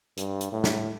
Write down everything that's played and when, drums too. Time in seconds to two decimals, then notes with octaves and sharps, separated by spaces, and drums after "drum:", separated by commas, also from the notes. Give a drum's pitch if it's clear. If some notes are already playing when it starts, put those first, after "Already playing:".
0.17 G2, drum: hi-hat
0.41 drum: hi-hat
0.52 A2
0.64 drum: snare